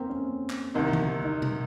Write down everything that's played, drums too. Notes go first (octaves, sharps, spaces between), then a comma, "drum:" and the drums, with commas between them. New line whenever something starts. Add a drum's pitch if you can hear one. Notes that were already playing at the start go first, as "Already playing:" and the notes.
Already playing: A#3 C4
C#4
drum: clap
C2 C3 D#3 D#4
drum: tom D3
D#4
drum: tom B2